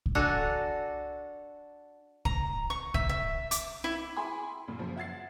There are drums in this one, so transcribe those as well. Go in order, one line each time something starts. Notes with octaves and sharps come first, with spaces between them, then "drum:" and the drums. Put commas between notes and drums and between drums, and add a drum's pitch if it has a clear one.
drum: kick C2
D4 F#4 A4 G#5 A#5
A#5, drum: kick C2
C#6
E5, drum: kick C2
E5
D6, drum: hi-hat
E4
E4 G#4 G#5 B5 C6
F#2 A#2 C#3 F#3 A#3
F#2 F3
E5 F#5 G#6 A6 C7